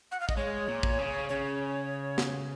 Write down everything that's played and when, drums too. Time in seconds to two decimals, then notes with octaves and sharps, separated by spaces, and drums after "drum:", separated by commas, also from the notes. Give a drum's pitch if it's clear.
0.11 F#5
0.20 F5
0.29 D#5, drum: kick
0.37 G#3 C#5
0.68 A#2
0.83 drum: kick
0.98 C#3
1.29 C#3 C#5
2.18 drum: snare